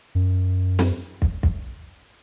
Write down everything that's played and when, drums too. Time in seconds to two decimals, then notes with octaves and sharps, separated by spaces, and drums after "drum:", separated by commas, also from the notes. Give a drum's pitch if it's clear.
0.15 F#2
0.79 drum: snare
1.22 drum: kick
1.43 drum: kick